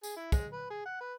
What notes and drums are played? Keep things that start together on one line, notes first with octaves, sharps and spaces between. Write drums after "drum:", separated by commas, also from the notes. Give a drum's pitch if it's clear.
G#4, drum: tambourine
E4
G#3, drum: kick, tambourine
B4
G#4
F#5
B4